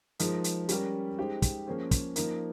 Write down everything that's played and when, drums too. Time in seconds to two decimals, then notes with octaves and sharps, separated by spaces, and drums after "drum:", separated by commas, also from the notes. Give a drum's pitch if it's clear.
0.19 F3 G#3 D#4 A#4, drum: hi-hat
0.44 drum: hi-hat
0.69 G3 C#4 G4 A#4, drum: hi-hat
1.18 G#3 D#4 G4 C5
1.42 drum: kick, hi-hat
1.67 F3 A#3 C#4 G#4 C5
1.91 drum: kick, hi-hat
2.16 F3 A#3 D#4 A#4, drum: hi-hat